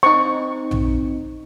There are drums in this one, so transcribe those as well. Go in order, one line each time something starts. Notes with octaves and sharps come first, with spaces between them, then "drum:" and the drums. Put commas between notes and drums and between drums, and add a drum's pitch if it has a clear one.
C4 D#4 C#6
drum: tom A#1